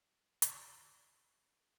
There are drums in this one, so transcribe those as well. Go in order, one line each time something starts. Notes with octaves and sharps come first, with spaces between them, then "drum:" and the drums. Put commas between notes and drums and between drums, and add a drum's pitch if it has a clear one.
drum: hi-hat
F#3 A3